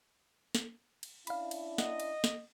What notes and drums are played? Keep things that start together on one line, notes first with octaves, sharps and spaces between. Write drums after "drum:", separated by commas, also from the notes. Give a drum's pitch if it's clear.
drum: snare
drum: cymbal
C#4 D4 E4 F5 B5, drum: cymbal
drum: cymbal
D#5 F#5, drum: snare
drum: cymbal
drum: snare